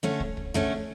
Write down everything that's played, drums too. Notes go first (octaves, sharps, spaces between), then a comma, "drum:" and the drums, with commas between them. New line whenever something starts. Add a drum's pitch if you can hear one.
D3 A3 C#4
drum: kick
drum: kick
D3 A3 C#4